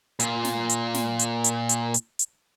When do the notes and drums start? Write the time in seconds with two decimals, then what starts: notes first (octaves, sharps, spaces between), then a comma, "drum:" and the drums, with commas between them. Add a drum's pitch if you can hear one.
0.20 A#2 F4, drum: hi-hat
0.45 drum: snare
0.69 drum: hi-hat
0.94 drum: snare
1.19 drum: hi-hat
1.44 drum: hi-hat
1.69 drum: hi-hat
1.94 drum: hi-hat
2.19 drum: hi-hat